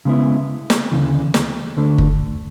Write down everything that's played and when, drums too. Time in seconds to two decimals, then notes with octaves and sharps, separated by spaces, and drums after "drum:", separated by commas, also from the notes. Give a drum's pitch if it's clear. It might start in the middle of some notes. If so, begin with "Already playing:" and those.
0.05 C#3 G#3 B3 E4
0.70 drum: snare
0.92 D2 C#3 E3
1.34 drum: snare
1.77 D2 D3 A3 D4
1.98 drum: kick